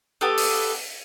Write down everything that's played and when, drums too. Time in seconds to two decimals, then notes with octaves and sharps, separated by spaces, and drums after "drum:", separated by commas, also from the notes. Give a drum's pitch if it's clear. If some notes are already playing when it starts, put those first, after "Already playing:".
0.21 B3 G4 A4 D#6
0.37 drum: open hi-hat